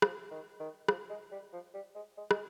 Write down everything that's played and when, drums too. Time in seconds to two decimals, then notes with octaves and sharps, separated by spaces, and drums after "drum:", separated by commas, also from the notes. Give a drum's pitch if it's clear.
0.02 F3, drum: rim click
0.31 D#3
0.60 D#3
0.88 F3, drum: rim click
1.10 G#3
1.31 G3
1.53 F3
1.74 G3
1.95 G#3
2.17 G#3
2.31 G#3, drum: rim click